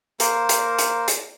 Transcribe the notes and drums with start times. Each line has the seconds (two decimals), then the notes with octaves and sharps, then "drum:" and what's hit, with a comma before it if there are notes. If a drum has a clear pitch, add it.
0.20 A#3 A#4 C5, drum: hi-hat
0.49 drum: hi-hat
0.78 drum: hi-hat
1.08 drum: hi-hat